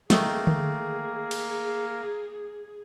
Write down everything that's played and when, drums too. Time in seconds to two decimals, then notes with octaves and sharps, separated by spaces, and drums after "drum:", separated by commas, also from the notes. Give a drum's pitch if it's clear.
0.10 D#3 A3 A#3 G#4, drum: snare
0.47 drum: tom D3
1.31 drum: cymbal